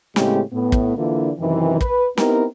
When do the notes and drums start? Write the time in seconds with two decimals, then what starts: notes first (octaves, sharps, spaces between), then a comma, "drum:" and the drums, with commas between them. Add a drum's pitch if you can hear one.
0.16 A2 C#3 G#3 B3 C4 G4, drum: snare
0.52 A2 B3
0.72 drum: kick
0.97 D3 E3 A#3 D4 E4 F4
1.39 F#2 C3 D#3 E3
1.81 B4, drum: kick
2.18 B3 C4 D#4 E4 G4 A#4, drum: snare